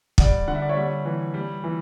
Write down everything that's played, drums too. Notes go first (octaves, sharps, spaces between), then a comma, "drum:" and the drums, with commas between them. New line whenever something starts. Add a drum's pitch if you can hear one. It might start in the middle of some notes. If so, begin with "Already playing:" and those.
G3 D5 F#5, drum: kick
D3 F#5
E5
D5
C#5 E5
G3
E3
G3
E3